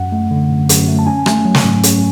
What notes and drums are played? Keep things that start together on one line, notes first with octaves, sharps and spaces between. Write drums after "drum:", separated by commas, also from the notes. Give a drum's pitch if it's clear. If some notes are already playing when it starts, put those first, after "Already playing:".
Already playing: F#2 F#5
A3
D3
F#2
F#2, drum: hi-hat
A3
A5
C#4 G#5
A3, drum: rim click
F#3
drum: snare
G#2
C#4, drum: hi-hat